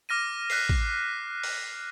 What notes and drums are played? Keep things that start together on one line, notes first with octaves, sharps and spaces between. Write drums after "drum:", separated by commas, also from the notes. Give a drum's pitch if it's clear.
D6 F6 A#6 D#7
F#6 B6 C7, drum: open hi-hat
drum: kick
drum: open hi-hat